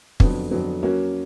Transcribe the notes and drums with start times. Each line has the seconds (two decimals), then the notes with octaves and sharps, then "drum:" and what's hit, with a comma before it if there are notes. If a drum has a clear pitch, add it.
0.20 F2 D3 F#3 B3, drum: kick
0.51 F2 D3 F#3 B3
0.83 F#3 A#3 C#4 F#4